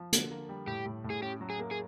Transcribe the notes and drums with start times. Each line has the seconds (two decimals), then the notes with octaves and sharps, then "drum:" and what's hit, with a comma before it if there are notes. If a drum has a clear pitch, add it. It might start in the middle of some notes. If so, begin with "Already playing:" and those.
Already playing: F3
0.13 D3, drum: hi-hat
0.31 A#3
0.49 G3
0.67 A2 G4
0.85 A2
1.04 A2
1.10 G#4
1.22 C#4 G4
1.41 F#3
1.50 G#4
1.59 A#3
1.71 G#4